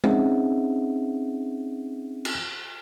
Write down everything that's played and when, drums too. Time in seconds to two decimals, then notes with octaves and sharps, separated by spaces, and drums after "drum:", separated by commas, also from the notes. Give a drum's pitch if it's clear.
0.04 C4 C#4 D#4 G#4 E5 F#5, drum: tom G#3
2.25 drum: cymbal